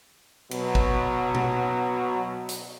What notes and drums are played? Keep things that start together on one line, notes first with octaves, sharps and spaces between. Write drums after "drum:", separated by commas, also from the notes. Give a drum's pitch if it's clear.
B2 F#3, drum: cymbal
drum: kick
drum: tom B2
drum: hi-hat